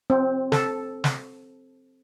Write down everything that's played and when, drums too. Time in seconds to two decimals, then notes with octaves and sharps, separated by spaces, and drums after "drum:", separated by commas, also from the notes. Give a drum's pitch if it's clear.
0.10 C4
0.52 A4, drum: snare
1.04 drum: snare